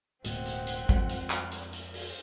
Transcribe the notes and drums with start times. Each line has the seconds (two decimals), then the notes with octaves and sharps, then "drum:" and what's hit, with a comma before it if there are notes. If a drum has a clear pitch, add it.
0.24 D1 B2 G#3 C4 F#5, drum: hi-hat
0.46 drum: hi-hat
0.67 drum: hi-hat
0.89 F2 G#3, drum: kick
1.09 drum: hi-hat
1.30 drum: clap
1.52 drum: hi-hat
1.73 drum: hi-hat
1.94 drum: open hi-hat